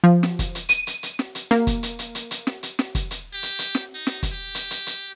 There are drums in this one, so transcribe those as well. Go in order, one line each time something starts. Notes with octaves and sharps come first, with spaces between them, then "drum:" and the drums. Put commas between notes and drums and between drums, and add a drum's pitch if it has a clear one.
F3
drum: snare
drum: kick, hi-hat
drum: hi-hat
D#7, drum: hi-hat
drum: hi-hat
drum: hi-hat
drum: snare
drum: hi-hat
A#3, drum: snare
drum: kick, hi-hat
drum: hi-hat
drum: hi-hat
drum: hi-hat
drum: hi-hat
drum: snare
drum: hi-hat
drum: snare
drum: kick, hi-hat
drum: hi-hat
G4
drum: hi-hat
drum: hi-hat
drum: snare
D#4
drum: snare
drum: kick, hi-hat
G4
drum: hi-hat
drum: hi-hat
drum: hi-hat